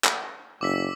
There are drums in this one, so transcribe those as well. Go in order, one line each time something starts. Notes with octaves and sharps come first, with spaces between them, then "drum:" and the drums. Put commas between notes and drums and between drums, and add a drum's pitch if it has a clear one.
drum: clap
F#1 D6 E6 B6